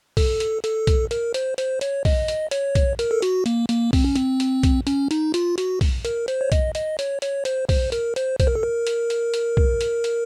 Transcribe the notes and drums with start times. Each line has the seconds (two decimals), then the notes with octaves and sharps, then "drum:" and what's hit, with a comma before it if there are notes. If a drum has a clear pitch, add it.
0.17 A4, drum: kick, open hi-hat
0.40 drum: hi-hat
0.64 A4, drum: hi-hat
0.87 drum: kick, hi-hat
1.11 A#4, drum: hi-hat
1.34 C5, drum: hi-hat
1.58 C5, drum: hi-hat
1.81 C#5, drum: hi-hat
2.05 D#5, drum: kick, open hi-hat
2.28 drum: hi-hat
2.51 C#5, drum: hi-hat
2.75 drum: kick, hi-hat
2.99 A#4, drum: hi-hat
3.11 A4
3.22 F#4, drum: hi-hat
3.46 A#3, drum: hi-hat
3.69 A#3, drum: hi-hat
3.93 C4, drum: kick, open hi-hat
4.05 C#4
4.16 C4, drum: hi-hat
4.40 drum: hi-hat
4.63 drum: kick, hi-hat
4.87 C#4, drum: hi-hat
5.11 D#4, drum: hi-hat
5.34 F4, drum: hi-hat
5.58 F#4, drum: hi-hat
5.81 drum: kick, open hi-hat
6.05 A#4, drum: hi-hat
6.28 C5, drum: hi-hat
6.41 C#5
6.52 D#5, drum: kick, hi-hat
6.75 D#5, drum: hi-hat
6.99 C#5, drum: hi-hat
7.22 C#5, drum: hi-hat
7.45 C5, drum: hi-hat
7.69 C5, drum: kick, open hi-hat
7.92 A#4, drum: hi-hat
8.16 C5, drum: hi-hat
8.40 C5, drum: kick, hi-hat
8.47 A#4
8.55 A4
8.63 A#4
8.87 drum: hi-hat
9.10 drum: hi-hat
9.34 drum: hi-hat
9.57 drum: kick
9.81 drum: hi-hat
10.04 drum: hi-hat